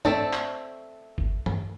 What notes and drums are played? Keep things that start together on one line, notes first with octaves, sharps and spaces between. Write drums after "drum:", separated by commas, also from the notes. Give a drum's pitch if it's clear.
A3 C4 A4 D5, drum: tom
drum: clap
drum: kick
drum: tom G2